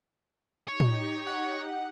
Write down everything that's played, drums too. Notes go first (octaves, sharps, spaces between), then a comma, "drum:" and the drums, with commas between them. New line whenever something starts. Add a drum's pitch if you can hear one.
D#4 G4 C#5
drum: tom A2
F#5